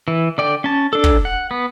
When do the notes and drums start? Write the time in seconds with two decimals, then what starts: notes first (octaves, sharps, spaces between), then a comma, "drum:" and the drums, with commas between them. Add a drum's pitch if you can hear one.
0.08 E3
0.38 D3 D5 G5
0.64 C#4 A5
0.93 D4 A4
1.04 drum: kick
1.25 F#5
1.51 B3